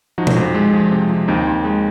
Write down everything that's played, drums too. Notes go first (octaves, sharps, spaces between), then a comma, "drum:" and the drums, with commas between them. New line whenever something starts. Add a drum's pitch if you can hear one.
F3 D#4 F#4
drum: tom A#2
F2
G#3
F3
C3
F3
D#2 C4 D#4
D#2
G#3